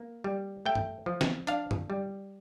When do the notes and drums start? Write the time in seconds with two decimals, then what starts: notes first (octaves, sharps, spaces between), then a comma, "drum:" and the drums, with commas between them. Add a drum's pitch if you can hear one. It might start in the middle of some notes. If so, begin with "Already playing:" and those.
Already playing: A#3
0.24 G3
0.66 A3 G5
0.75 drum: tom G2
1.06 F3
1.21 drum: snare
1.47 D4 F5, drum: hi-hat
1.71 drum: tom F#2
1.90 G3